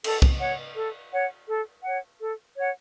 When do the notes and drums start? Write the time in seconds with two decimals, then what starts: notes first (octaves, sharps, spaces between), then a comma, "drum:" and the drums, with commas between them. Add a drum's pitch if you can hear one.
0.04 A4, drum: cymbal
0.22 drum: kick C2
0.40 C#5 F#5
0.75 A4
1.12 C#5 F#5
1.47 A4
1.84 C#5 F#5
2.20 A4
2.57 C#5 F#5